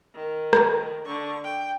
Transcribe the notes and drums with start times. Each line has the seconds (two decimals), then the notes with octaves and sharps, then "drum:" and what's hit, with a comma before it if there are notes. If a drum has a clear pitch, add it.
0.15 D#3
0.53 drum: rim click
1.06 D3 C#6
1.44 G5